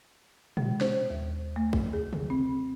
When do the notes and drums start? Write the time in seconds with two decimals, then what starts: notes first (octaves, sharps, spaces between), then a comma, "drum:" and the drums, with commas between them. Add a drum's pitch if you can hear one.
0.57 G#3, drum: tom
0.81 C5, drum: snare
1.10 D#2
1.56 A3
1.73 drum: kick
1.93 G#4
2.13 drum: tom
2.30 C4